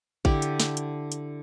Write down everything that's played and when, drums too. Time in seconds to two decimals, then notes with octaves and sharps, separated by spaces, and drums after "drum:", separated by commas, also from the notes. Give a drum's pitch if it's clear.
0.25 D3 E4 G4 D5, drum: kick A1
0.42 drum: hi-hat
0.60 drum: snare
0.77 drum: hi-hat
1.12 drum: hi-hat